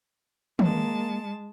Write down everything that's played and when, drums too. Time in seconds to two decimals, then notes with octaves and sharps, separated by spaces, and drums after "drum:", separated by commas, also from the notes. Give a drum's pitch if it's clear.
0.59 G#3 A#3 A5, drum: tom D#3